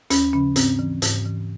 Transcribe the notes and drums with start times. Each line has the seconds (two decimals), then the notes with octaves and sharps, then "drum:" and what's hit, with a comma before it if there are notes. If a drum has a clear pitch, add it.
0.10 D#2 C#4, drum: hi-hat
0.33 C#3 F3 C#4
0.56 G#2 C4, drum: hi-hat
0.79 E3
1.02 G#2, drum: hi-hat
1.25 E3